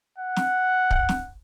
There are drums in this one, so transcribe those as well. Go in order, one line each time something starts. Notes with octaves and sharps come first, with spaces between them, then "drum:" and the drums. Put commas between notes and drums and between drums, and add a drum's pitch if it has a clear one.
F#5
drum: snare
drum: kick
drum: snare